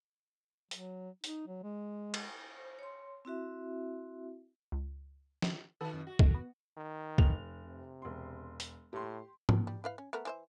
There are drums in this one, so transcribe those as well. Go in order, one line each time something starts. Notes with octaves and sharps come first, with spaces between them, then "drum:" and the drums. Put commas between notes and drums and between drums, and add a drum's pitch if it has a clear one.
F#3, drum: hi-hat
D#4, drum: hi-hat
F#3
G#3
drum: cymbal
C5
C#5 C6
C4 E4 F#4 E5
C#2
drum: snare
B2 D#3 B3 A4
F#2
F#4
D#3 A3, drum: kick
B3
D#3
F1 F7, drum: kick
C3
E1 C6
drum: hi-hat
A2 G4 C6
drum: tom
G3
E4 B4 F5
C#4
A3 B3 A#4
E3 C5 E5